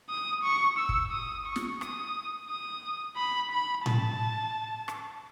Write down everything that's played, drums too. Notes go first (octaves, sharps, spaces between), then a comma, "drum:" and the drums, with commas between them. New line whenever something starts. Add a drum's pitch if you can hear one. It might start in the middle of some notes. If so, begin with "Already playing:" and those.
D#6
C#6
E6
drum: kick
D#6
C#6
drum: snare
D#6, drum: rim click
D#6
B5
B5
A5, drum: tom A2
drum: rim click